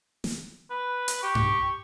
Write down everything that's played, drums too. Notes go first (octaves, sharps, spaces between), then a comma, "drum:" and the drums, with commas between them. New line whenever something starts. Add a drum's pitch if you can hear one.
drum: snare
B4
drum: hi-hat
G4 C#6
drum: tom G2